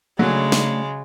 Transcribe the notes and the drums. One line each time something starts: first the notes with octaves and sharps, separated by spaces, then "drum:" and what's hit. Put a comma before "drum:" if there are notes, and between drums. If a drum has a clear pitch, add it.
C#3 F#3 G#3 A3 D4 A4
drum: snare